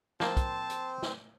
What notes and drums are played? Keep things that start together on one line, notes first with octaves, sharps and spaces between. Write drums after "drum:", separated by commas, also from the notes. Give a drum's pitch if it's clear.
F3 A#3 C4 C5 A5, drum: snare
drum: kick, hi-hat
drum: hi-hat
drum: snare